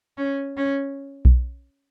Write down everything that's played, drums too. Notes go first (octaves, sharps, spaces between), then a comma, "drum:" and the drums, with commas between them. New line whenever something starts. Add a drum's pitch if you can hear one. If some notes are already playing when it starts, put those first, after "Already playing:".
C#4
C#4
drum: kick B1